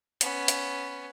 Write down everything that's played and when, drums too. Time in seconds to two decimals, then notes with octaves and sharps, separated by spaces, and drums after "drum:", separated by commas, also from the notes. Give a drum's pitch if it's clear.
0.21 B3 C#4, drum: hi-hat
0.48 drum: hi-hat